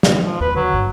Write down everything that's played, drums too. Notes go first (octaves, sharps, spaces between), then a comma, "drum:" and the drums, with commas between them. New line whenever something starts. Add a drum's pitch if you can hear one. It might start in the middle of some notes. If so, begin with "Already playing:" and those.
drum: snare
F3
D#2 B4
D3 F#3
G1 G2